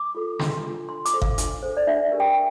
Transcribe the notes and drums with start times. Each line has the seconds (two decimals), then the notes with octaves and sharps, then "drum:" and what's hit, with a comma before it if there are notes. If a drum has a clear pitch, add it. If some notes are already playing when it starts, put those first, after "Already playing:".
Already playing: D6
0.15 F4 A4
0.39 D4 C6, drum: snare
0.64 F4 A4
0.89 D4 C6
1.05 D6, drum: hi-hat
1.14 A4 C5
1.22 F5, drum: kick G1
1.38 D4, drum: hi-hat
1.63 A4 C5
1.77 D5
1.87 D4 E5
2.12 G4 A#4
2.20 G5